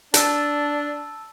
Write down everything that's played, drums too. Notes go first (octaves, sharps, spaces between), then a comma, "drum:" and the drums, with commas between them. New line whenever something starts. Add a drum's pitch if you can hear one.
D4 A5 E6, drum: hi-hat